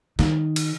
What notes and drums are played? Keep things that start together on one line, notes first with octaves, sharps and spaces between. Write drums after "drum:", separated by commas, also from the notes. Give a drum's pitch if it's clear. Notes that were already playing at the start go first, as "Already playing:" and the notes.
D#3, drum: snare
drum: cymbal